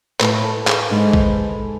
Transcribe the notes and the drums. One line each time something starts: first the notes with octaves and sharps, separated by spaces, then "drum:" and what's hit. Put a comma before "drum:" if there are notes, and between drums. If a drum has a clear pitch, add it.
A2 B4 B5, drum: clap
A4 A5
G#4 G#5, drum: clap
G#2
drum: kick A#1